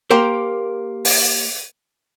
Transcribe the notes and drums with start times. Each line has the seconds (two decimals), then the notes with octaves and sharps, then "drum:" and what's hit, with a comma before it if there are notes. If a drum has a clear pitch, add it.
0.10 A#3 G4 A#4 C5
1.05 drum: open hi-hat